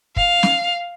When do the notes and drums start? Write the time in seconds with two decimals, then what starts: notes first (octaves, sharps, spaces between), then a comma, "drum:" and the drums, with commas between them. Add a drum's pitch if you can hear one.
0.16 F5, drum: kick
0.43 drum: snare